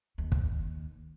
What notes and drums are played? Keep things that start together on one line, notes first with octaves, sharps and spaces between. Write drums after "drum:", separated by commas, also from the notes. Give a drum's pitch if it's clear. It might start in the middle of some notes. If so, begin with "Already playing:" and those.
D#2
drum: kick